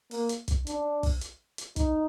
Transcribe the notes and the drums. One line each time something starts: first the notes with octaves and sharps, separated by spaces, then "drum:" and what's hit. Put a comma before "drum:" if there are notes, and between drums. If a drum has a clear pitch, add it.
A#3, drum: open hi-hat
drum: hi-hat
drum: kick, hi-hat
D4, drum: hi-hat
drum: kick, open hi-hat
drum: hi-hat
drum: hi-hat
D#4, drum: kick, hi-hat